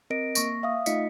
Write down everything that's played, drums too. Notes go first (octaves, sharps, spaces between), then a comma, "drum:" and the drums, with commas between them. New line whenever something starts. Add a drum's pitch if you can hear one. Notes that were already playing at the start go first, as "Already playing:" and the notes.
C4 A#4 D#5 A#6 D7
A#3 C#6 A#6, drum: tambourine
E5 F5 D#6
A3 D#4 F4 D#5 B6 C#7, drum: tambourine